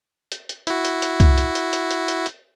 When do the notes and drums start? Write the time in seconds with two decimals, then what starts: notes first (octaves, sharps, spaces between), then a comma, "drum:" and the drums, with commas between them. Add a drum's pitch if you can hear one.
0.32 drum: hi-hat
0.49 drum: hi-hat
0.67 E4 F#4, drum: hi-hat
0.85 drum: hi-hat
1.02 drum: hi-hat
1.20 drum: kick C2, hi-hat
1.38 drum: hi-hat
1.55 drum: hi-hat
1.73 drum: hi-hat
1.91 drum: hi-hat
2.08 drum: hi-hat
2.26 drum: hi-hat